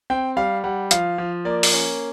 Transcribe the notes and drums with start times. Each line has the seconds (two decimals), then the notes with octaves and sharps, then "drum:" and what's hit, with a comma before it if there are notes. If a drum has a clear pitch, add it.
0.10 C4 G5
0.37 G3 F5
0.64 G3 F#5
0.91 F3 F5, drum: hi-hat
1.18 F3
1.45 A#3 D5
1.63 drum: open hi-hat
1.72 C#4